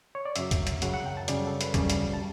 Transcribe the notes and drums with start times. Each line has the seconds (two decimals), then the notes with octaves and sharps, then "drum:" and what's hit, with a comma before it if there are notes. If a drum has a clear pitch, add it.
0.15 C#5
0.25 D5
0.36 F#2 C#3 F#3 E5, drum: hi-hat
0.51 drum: kick, hi-hat
0.67 drum: hi-hat
0.82 F#2 C#3 F#3 F#5, drum: hi-hat
0.94 F#5
1.06 G5
1.17 A5
1.28 F#2 C#3 G3 D5, drum: hi-hat
1.47 A4
1.61 B4, drum: hi-hat
1.74 F#2 C#3 G3 C#5, drum: kick, hi-hat
1.90 drum: hi-hat
2.14 A5